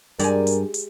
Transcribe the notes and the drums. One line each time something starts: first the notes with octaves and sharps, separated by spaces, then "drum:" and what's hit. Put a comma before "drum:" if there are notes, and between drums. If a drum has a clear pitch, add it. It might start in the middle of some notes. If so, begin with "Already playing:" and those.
G2 G#3 G4 A#4 D5 G#5 A#5, drum: hi-hat
drum: hi-hat
drum: hi-hat